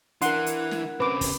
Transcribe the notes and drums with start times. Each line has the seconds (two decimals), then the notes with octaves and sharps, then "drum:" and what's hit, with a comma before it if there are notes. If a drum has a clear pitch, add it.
0.22 E3 D4 A#4 F#5 C6, drum: hi-hat
0.46 drum: hi-hat
0.71 drum: snare
1.00 C#3 C4 B4 D6
1.21 drum: kick, open hi-hat